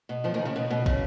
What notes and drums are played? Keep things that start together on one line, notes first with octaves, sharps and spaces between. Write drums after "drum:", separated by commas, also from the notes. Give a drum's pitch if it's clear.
B2
F2 F3
D#2 D#3
C#3
B2
B2
C#3, drum: kick